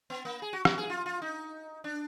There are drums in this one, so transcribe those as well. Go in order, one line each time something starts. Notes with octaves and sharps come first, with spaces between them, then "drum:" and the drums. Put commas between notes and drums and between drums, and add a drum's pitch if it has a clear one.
B3
A#3
G#4
F#4
F#4, drum: rim click
G#4
F4
F4
D#4
D4